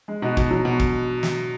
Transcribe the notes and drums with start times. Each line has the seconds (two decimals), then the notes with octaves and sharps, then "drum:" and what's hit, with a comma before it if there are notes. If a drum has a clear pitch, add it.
0.08 G#3
0.22 B2 D#4 F#4
0.37 B2, drum: kick
0.51 F#3
0.65 B2
0.80 drum: kick
1.23 drum: snare